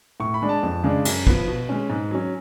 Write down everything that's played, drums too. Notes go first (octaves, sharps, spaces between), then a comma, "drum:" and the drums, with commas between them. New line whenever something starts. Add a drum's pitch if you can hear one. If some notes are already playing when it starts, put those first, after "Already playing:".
A2 C#6
B5
G#3 D4
A5
F2
C#3 G#3 D4
F#2, drum: cymbal
F3 B3, drum: kick
B2
G#3 C#4
G#2
F#3 C#4